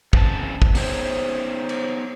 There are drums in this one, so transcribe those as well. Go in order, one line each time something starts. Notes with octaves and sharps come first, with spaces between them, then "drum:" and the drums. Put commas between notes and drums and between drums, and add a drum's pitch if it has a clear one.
E2 C#3 C4 F4 A5, drum: kick
drum: kick
B3 D#4 G#4 C5 C#5 G5, drum: open hi-hat
drum: cymbal